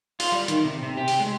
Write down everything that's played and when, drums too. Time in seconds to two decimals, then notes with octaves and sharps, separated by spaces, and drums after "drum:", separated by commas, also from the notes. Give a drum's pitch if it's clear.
0.20 F4, drum: open hi-hat
0.32 G3
0.48 D#3, drum: hi-hat
0.65 C3
0.83 C3
0.97 G4
1.08 drum: open hi-hat
1.20 G#3